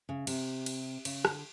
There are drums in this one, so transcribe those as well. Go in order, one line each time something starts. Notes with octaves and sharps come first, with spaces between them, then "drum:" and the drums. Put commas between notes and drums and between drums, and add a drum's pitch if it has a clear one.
C#3
C3, drum: cymbal
drum: cymbal
C#3, drum: cymbal
D3, drum: rim click